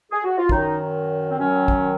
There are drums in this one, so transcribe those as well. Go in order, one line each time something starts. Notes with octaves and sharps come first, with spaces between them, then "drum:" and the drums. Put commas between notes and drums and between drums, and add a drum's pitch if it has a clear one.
G#4
F#4
F4
F#2 D#3 F#3 D#4, drum: kick
C4
F#2 D#3 F#3 C#4
drum: kick